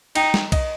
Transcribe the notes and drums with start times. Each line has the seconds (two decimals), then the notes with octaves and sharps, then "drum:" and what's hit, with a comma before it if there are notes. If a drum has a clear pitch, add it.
0.15 D#4 G5, drum: cymbal
0.34 drum: snare
0.52 D#5, drum: kick B1, cymbal